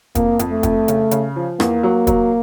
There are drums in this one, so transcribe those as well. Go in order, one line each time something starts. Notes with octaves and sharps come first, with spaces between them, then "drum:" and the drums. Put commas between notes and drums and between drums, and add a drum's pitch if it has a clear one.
F2 A#3, drum: kick, hi-hat
F2, drum: hi-hat
A3
F2, drum: kick, hi-hat
C#3, drum: hi-hat
C#3, drum: hi-hat
F3
E2 A#3, drum: rim click
F#3
F#3, drum: kick, hi-hat